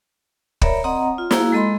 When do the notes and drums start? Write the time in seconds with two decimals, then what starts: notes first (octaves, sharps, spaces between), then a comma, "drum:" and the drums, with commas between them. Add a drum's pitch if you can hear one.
0.61 A#4 C#5 D5 E5 A#5 B5, drum: kick
0.84 C4 D#5 F#5 A#5 D#6
1.18 F4
1.31 A#3 E4 F#4 G#4 F5, drum: snare
1.52 G#3 A4 D#5 B5 C6